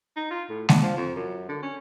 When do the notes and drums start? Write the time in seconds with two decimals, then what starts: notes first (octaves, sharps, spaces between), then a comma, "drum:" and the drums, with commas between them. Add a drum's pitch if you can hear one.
0.16 D#4
0.30 F4
0.50 A2
0.69 D4, drum: snare G#3
0.82 F3
0.97 F2
1.16 F#2
1.49 D3
1.63 C#4